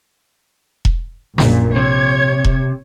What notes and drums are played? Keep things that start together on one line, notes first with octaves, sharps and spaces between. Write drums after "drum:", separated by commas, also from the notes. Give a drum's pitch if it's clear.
drum: kick E1
A#1 F#2 A#2, drum: snare
C3 C#5 G#6
drum: kick E1